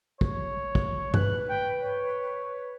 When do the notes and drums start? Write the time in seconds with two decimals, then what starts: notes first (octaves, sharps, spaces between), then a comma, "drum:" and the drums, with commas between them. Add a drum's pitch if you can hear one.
0.21 C#5, drum: kick
0.75 drum: kick
1.14 B4 F#6, drum: tom G2
1.49 G5
1.82 C#5